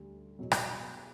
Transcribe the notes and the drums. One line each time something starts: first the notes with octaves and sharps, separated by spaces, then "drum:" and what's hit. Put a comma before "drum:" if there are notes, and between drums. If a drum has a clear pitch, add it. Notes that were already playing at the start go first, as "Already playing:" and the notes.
Already playing: D2 D3 G3
E2 B2 F#3
drum: rim click